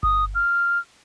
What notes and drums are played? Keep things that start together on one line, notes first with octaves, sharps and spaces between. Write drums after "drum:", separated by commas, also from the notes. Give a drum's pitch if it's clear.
D#6, drum: kick G1
F6